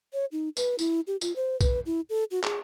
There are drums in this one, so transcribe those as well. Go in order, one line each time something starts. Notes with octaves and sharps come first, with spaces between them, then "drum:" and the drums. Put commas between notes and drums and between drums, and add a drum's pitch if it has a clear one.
C#5
D#4
B4, drum: tambourine
E4, drum: tambourine
G4
F4, drum: tambourine
C5
B4, drum: kick B1, tambourine
E4
A4
F#4
G#4, drum: clap